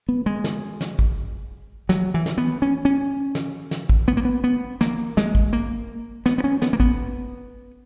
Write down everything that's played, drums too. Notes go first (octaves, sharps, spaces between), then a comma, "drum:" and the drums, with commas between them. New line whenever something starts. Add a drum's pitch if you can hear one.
B3
G#3
drum: snare
drum: snare
drum: kick A1
F#3, drum: snare
E3
drum: snare
B3
C#4
C#4
drum: snare
drum: snare
drum: kick A1
B3
A#3
B3
B3
A#3, drum: snare
G#3, drum: snare
drum: kick A1
A#3
B3, drum: snare
B3
C#4
B3, drum: snare
A#3
B3, drum: kick A1